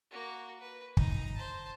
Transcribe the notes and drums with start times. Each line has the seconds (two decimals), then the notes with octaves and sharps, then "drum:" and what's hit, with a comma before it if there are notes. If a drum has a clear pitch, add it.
0.11 A#3 F#4
0.61 B4
0.97 D#4 A#5, drum: kick
1.35 C5 A5